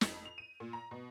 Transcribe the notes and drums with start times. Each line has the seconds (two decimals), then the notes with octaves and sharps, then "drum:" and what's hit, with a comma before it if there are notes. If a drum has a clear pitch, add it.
0.01 F2, drum: snare
0.25 F7
0.38 D#7
0.60 A#2
0.73 A#5
0.91 B2